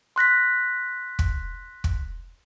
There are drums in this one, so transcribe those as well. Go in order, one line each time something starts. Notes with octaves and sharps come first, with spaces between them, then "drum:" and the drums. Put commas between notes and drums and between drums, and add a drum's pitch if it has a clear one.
C6 F#6 A#6 B6
drum: kick
drum: kick